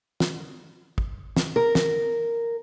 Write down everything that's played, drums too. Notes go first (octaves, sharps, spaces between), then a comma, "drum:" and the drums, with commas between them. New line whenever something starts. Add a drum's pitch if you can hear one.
drum: snare
drum: kick
drum: snare
A#4
drum: snare